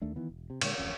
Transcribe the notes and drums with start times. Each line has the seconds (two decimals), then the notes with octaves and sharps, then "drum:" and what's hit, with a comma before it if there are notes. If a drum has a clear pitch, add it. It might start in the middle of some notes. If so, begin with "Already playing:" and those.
0.02 D#2 D#3 A3 D4
0.16 D#3 E3 B3
0.29 E1
0.50 C3
0.61 A#2 D3 G3 G#3, drum: cymbal
0.78 D1 A1 F2 C#4